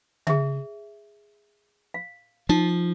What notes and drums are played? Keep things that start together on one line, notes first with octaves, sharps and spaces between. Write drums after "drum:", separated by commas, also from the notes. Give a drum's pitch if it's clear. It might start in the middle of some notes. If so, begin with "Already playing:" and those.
G#4 E5, drum: tom C#3
F5
F3 D#4